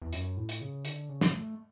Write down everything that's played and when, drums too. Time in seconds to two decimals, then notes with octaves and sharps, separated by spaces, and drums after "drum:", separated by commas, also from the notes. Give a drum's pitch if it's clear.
0.02 E2
0.13 F#2, drum: hi-hat
0.37 A2
0.49 drum: hi-hat
0.61 C#3
0.85 D3, drum: hi-hat
1.09 C#3
1.21 drum: snare
1.33 A3